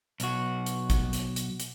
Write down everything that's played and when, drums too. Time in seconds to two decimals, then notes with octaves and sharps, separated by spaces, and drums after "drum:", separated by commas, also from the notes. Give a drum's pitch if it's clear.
0.20 B1 F#4, drum: hi-hat
0.66 drum: hi-hat
0.90 drum: kick A1, hi-hat
1.13 drum: hi-hat
1.36 drum: hi-hat
1.60 drum: hi-hat